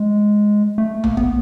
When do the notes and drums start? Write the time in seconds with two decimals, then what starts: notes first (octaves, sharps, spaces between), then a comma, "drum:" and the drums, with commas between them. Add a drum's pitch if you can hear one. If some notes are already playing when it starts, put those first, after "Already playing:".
Already playing: G#3
0.78 A3
1.04 A#3, drum: tom B1
1.17 B3, drum: kick